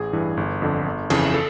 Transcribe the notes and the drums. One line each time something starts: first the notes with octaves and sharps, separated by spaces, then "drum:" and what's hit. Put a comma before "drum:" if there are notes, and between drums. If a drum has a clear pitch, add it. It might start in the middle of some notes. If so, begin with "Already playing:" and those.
Already playing: A1 G#4
G2 E3
G1
F2 D3
G1
F2 C#3 E3, drum: cymbal
A4